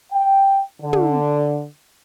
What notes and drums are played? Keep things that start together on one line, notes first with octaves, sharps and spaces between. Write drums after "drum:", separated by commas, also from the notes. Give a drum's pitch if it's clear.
G5
D3
drum: tom